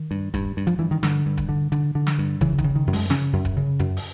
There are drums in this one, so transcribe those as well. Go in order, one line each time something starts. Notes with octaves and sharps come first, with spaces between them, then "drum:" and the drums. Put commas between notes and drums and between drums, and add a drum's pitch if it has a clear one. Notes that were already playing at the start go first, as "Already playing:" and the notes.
Already playing: D#3
G2
G2, drum: kick, hi-hat
G2
F3, drum: hi-hat
G2 E3
D#3
G2 D3, drum: snare
G2
drum: kick, hi-hat
D3
D3, drum: hi-hat
D3
drum: snare
G2
C#3 E3, drum: kick, hi-hat
D#3, drum: kick, hi-hat
C#3
D#3
F#2
G#3, drum: open hi-hat
C#3 C#4, drum: snare
F#2
drum: kick, hi-hat
C#3
F#2, drum: hi-hat
drum: open hi-hat